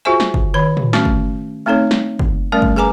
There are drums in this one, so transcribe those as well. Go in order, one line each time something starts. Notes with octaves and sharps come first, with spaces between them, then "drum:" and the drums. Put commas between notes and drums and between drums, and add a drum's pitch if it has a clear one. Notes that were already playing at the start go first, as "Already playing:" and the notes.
F4 F#4 G#4 C5 E5 G#5
drum: snare
drum: kick
D#3 C#5 B5
drum: tom
A3 C#4 F#4, drum: snare
drum: kick
A3 C4 D#4 A4 C#5
drum: snare
drum: kick
G3 A3 C#4 A#4 D5
drum: kick
G#4 B4 G#5 A#5 D6